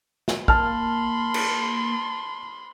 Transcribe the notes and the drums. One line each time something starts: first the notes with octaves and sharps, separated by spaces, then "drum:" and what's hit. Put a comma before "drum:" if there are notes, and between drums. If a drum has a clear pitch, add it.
drum: snare
A#3 A5 B5 C6 F6, drum: kick
drum: cymbal